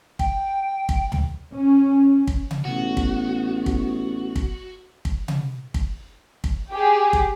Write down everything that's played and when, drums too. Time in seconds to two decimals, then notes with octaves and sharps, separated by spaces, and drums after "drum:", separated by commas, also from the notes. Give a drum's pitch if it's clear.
0.19 G5, drum: kick
0.89 drum: kick
1.12 drum: tom
1.53 C#4
2.27 drum: kick
2.51 drum: tom C3
2.65 A1 B3 F#4
2.97 drum: kick
3.66 drum: kick
4.36 drum: kick
5.05 drum: kick
5.28 drum: tom C3
5.74 drum: kick
6.44 drum: kick
6.72 G4 G#4
7.13 drum: kick